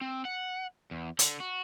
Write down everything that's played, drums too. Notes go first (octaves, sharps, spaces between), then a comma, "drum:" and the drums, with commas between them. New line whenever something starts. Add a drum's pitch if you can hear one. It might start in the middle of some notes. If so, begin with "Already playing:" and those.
C4
F#5
E2
D3, drum: hi-hat
F#4